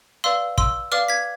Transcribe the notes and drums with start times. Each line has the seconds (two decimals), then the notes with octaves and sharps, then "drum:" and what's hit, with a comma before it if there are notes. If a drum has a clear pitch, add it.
0.24 B4 D5 F5 C6 E6
0.58 C6 E6, drum: kick
0.92 B4 D5 F5 D6 F6
1.08 G#6 B6